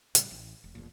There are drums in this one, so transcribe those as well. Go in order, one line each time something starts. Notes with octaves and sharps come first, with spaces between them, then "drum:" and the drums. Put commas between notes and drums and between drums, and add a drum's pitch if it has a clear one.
A2 C#3 G3, drum: hi-hat
A1
E1
D1 E2 A#2